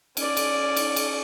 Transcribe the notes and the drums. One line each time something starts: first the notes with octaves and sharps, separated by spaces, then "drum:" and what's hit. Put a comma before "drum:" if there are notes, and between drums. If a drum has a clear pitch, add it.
C#4 D5, drum: cymbal
drum: cymbal
drum: cymbal
drum: cymbal